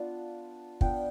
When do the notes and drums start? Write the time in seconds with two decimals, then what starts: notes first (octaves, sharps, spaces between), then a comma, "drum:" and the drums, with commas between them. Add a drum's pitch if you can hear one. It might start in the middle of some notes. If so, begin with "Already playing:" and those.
Already playing: B3 D4 F4
0.81 B3 D4 F4 G5, drum: kick